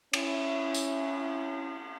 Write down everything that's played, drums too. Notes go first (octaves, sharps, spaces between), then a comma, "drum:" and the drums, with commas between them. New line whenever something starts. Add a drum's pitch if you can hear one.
C#4 E4, drum: cymbal
drum: tambourine